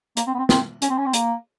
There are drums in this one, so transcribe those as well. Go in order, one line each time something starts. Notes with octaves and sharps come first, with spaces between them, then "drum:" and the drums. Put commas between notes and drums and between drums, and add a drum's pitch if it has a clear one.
A#3, drum: hi-hat
C4
B3
C4
C4, drum: snare
C#4, drum: hi-hat
C4
C#4
C4
A#3, drum: hi-hat